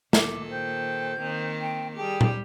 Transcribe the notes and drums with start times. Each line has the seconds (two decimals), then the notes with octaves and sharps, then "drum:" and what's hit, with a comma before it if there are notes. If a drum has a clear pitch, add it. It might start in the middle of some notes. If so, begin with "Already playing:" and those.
0.13 A#2 D#3 A4 D6, drum: snare
0.50 C5 G5 G6
1.20 D#3 A#3 C4
1.62 G5
1.96 G3 G4 G#4 G5 A5
2.21 drum: tom A#2